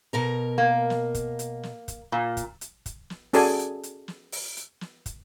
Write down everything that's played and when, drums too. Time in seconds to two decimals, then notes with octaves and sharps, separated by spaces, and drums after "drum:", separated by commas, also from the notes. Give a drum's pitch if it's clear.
0.13 B2 A#4 A#5
0.58 A#3
0.90 drum: snare
1.15 drum: kick, hi-hat
1.39 drum: hi-hat
1.63 drum: snare
1.88 drum: kick, hi-hat
2.12 A#2
2.37 drum: kick, hi-hat
2.61 drum: hi-hat
2.86 drum: kick, hi-hat
3.10 drum: snare
3.33 C#4 F#4 G#4 A4 D5 G#5, drum: open hi-hat
3.59 drum: hi-hat
3.83 drum: hi-hat
4.08 drum: snare
4.32 drum: open hi-hat
4.57 drum: hi-hat
4.81 drum: snare
5.06 drum: kick, hi-hat